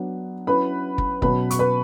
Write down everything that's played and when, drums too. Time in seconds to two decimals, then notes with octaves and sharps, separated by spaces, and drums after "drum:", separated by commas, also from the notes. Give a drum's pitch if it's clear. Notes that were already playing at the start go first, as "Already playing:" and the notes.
Already playing: F#3 B3 D4
0.47 F#3 C#4 E4 B4 B5
0.98 drum: kick
1.22 B2 F#3 C#4 B4 B5, drum: kick
1.51 C#6, drum: hi-hat
1.59 B4 B5